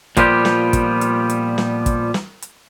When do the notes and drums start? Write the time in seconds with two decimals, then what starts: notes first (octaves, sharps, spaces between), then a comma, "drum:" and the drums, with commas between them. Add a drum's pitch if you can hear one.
0.17 A#2 F3 G3 B3 F4 G4, drum: kick, hi-hat
0.45 drum: snare
0.73 drum: kick, hi-hat
1.01 drum: hi-hat
1.30 drum: hi-hat
1.58 drum: snare
1.86 drum: kick, hi-hat
2.14 drum: snare
2.42 drum: hi-hat